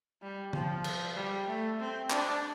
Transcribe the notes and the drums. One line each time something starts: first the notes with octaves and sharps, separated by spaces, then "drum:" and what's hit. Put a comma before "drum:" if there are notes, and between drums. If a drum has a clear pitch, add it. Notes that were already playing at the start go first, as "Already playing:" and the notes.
G3
F3, drum: tom
drum: cymbal
G3
A3
C4
D4, drum: clap